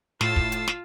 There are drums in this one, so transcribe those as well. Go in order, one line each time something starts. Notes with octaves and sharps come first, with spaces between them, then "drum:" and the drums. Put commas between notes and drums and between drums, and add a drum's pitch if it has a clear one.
A2 F4 A5 E6 C7, drum: snare
drum: kick
drum: hi-hat
drum: snare